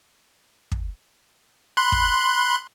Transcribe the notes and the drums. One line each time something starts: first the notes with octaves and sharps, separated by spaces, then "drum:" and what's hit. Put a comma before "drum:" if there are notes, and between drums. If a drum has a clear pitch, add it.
drum: kick
B5 C6 F#6
drum: kick